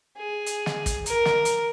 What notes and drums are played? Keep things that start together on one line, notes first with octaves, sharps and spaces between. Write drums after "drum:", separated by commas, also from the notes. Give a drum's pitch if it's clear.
G#4
drum: hi-hat
drum: snare
drum: kick, hi-hat
A#4, drum: hi-hat
drum: snare
drum: hi-hat